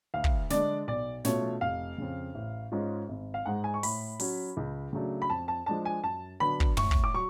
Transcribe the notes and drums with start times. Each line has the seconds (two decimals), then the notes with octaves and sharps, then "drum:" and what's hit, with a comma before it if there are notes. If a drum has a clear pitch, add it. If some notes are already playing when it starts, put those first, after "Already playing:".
0.14 D2 F5
0.24 drum: kick
0.50 D3 G#3 D4 D5, drum: snare
0.88 B1 D5
1.25 B2 A3 C#4 F4 C#5, drum: snare
1.61 F1 F5
1.98 F2 C#3
2.35 A1
2.72 G#2 G#3 C#4 F4
3.09 G#1
3.34 F5
3.45 G#2 G#3 F#5
3.64 G#5
3.74 C#6
3.83 A2 B5, drum: open hi-hat
4.20 F#3 C#4 F#4, drum: open hi-hat
4.57 C#2
4.93 C#3 F#3 A3 D4
5.22 B5
5.30 F2 A5
5.48 A5
5.66 F3 G#3 D4 A5
5.85 G#5
6.03 F#2 A5
6.40 D3 F#3 B3 D4 B5
6.60 drum: kick
6.77 A2 C#6, drum: tom
6.91 drum: kick
7.04 D6
7.14 F#3 C#6